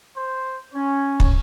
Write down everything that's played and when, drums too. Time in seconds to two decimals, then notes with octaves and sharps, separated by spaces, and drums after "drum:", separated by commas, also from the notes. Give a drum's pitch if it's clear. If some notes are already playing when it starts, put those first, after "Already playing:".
0.17 C5
0.74 C#4 C#5
1.20 drum: kick